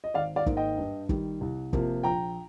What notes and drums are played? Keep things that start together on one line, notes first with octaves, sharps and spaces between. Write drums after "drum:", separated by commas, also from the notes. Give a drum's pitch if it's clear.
D#5
G#1 D5 F5
D5 F5
G#2 D#3 A#3, drum: kick
D#5 G5
G2
D#3 G3, drum: kick
C2
C3 F3 A#3, drum: kick
A#1 G5 A#5